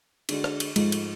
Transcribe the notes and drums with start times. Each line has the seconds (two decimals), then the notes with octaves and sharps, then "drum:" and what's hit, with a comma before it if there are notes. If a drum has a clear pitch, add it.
0.29 D3 G#3 D4 F#4, drum: cymbal
0.44 drum: rim click
0.60 drum: cymbal
0.76 G#2 F3 G#3 A3 F4, drum: cymbal
0.92 drum: cymbal